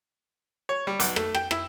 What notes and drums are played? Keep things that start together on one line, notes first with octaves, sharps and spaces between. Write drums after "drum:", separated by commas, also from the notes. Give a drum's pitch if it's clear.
C#5
G3
B1, drum: hi-hat
A3, drum: rim click
G5, drum: rim click
E4, drum: rim click